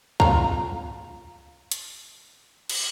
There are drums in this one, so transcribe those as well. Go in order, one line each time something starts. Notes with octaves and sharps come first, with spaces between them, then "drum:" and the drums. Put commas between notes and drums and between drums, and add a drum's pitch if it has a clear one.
F4 A#5, drum: kick
drum: hi-hat
drum: cymbal